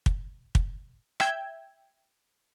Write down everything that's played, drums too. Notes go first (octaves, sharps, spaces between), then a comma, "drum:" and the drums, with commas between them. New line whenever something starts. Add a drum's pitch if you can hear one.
drum: kick
drum: kick
E5 G5 G#6, drum: rim click